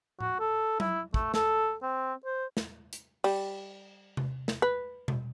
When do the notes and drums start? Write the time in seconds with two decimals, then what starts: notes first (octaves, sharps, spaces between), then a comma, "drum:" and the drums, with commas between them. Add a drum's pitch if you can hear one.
0.20 F#4, drum: tom A2
0.40 A4
0.80 E4, drum: tom F#3
1.14 A3, drum: kick
1.34 A4, drum: snare
1.83 C4
2.25 C5
2.57 drum: snare
2.93 drum: hi-hat
3.24 G3, drum: cymbal
4.17 drum: tom C3
4.48 drum: snare
4.62 B4
5.08 drum: tom B2